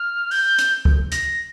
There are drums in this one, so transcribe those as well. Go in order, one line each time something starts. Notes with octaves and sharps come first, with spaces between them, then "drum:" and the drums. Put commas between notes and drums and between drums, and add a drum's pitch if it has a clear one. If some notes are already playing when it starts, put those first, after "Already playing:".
Already playing: F6
G6, drum: open hi-hat
drum: hi-hat
drum: kick
A#6, drum: hi-hat